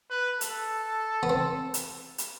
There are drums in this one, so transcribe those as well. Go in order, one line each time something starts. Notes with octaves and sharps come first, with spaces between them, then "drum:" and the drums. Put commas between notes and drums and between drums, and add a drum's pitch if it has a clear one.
B4
A4, drum: hi-hat
B3
C4
drum: hi-hat
drum: hi-hat